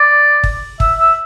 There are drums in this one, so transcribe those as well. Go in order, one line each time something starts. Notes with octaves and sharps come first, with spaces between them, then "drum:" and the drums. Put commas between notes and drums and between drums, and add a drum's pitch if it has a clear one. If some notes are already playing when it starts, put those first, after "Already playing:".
Already playing: D5
drum: kick
E5, drum: kick
E5